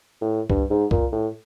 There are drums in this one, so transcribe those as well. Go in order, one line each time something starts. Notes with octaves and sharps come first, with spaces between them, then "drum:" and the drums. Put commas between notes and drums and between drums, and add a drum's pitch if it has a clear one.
A2
G2, drum: kick
G#2
A#2, drum: kick
A2